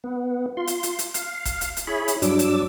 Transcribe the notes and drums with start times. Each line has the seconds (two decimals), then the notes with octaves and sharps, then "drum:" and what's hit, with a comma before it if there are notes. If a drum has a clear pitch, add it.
0.04 B3
0.57 F4 C6
0.67 drum: hi-hat
0.83 drum: hi-hat
0.99 drum: hi-hat
1.14 F5, drum: hi-hat
1.45 drum: kick, hi-hat
1.61 drum: hi-hat
1.77 drum: hi-hat
1.87 E4 G#4 C#5 B5
2.08 drum: hi-hat
2.22 G2 F#3 D4 D6 E6, drum: hi-hat
2.39 drum: hi-hat